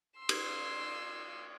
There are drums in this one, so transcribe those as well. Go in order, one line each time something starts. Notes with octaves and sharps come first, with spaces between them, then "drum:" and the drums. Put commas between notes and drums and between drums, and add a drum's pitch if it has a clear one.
C6 E6
drum: cymbal